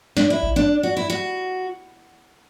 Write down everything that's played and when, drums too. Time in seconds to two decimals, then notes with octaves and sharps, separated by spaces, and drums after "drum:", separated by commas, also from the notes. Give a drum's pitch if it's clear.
0.17 D4, drum: snare
0.30 E4
0.43 drum: kick A1
0.56 D4
0.83 F#4
0.97 E4
1.10 F#4